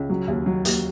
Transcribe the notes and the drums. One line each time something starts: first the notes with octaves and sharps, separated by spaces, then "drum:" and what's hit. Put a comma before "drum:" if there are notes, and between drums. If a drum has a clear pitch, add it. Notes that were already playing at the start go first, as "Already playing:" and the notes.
Already playing: C#2
F#3
D#2
F#3
D#2, drum: hi-hat